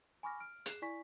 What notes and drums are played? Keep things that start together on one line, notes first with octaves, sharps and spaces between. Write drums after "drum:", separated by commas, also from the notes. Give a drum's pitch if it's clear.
G#5 B5 C#6 D6 F6 A#6
F6 D7
G#4 F#6 C7 E7, drum: hi-hat
E4 D5 G#5 C#6 B6